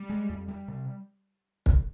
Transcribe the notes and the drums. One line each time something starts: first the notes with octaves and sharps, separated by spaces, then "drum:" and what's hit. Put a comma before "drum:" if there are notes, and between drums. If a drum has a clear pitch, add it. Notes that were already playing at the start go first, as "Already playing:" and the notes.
Already playing: G3
G#3
F2
G3
C3
drum: kick